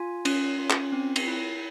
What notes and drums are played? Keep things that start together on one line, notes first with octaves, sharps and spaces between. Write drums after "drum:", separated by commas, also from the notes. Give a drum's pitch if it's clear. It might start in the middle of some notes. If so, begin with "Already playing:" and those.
Already playing: F4 G#5
C#4, drum: cymbal
F4
drum: clap
C4
drum: cymbal
E4